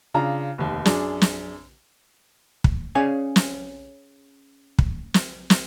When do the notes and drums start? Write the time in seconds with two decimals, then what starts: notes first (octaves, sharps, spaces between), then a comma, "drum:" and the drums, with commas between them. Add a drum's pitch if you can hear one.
0.14 C#3 D4 F4 A#5
0.58 F1 D#2
0.85 F#2 D4 G#4, drum: snare
1.22 drum: snare
2.64 drum: kick
2.95 C#4 G#4 C#5 D5 F5 G#5
3.36 drum: snare
4.79 drum: kick
5.14 drum: snare
5.50 drum: snare